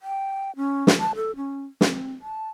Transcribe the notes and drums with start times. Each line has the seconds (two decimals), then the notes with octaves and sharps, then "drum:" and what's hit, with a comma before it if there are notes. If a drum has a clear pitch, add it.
0.01 G5
0.57 C#4
0.87 drum: snare
0.99 A5
1.16 A4
1.36 C#4
1.81 C4, drum: snare
2.22 A5